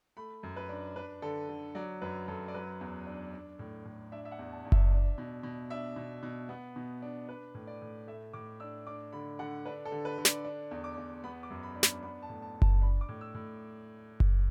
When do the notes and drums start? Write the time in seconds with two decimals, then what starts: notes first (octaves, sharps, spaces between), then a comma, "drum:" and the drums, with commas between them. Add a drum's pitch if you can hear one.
0.17 A3 B5
0.43 F#2
0.56 B4
0.69 D4
0.96 D4 B4
1.22 D3 A4
1.49 D3
1.75 F#3 D5
2.02 F#2 B4
2.28 F#2 A4
2.48 D5
2.54 F#3 B4
2.81 E2
3.07 D4
3.33 D4
3.59 A2
3.85 A2
4.12 D4 E5
4.25 E5
4.32 F#5
4.39 E2
4.52 A5
4.65 E2
4.72 E5, drum: kick F#1
4.91 D4
5.18 B2
5.43 B2
5.70 D4 E5
5.96 B2
6.23 B2
6.49 B3
6.76 B2
7.02 D4
7.28 D4 B4
7.54 A2
7.67 D5
7.82 A2
8.07 A3 E5
8.33 A2 D6
8.60 D4 E6
8.87 D4 D6
9.13 D3 B5
9.39 D3 F#5
9.66 D4 B4
9.85 A4
9.92 D3
10.05 B4
10.18 D3
10.25 D5, drum: snare
10.45 D4
10.71 E2
10.84 D6
10.97 E2
11.24 B3 B5
11.43 D6
11.50 F#2
11.63 B5
11.76 D4
11.83 B5, drum: snare
12.03 B3 B5
12.23 A5
12.29 A2
12.42 A5
12.56 D4
12.62 A5, drum: kick F#1
12.82 D4 B5
13.01 D6
13.09 A2
13.21 E6
13.34 A2
14.20 drum: kick F#1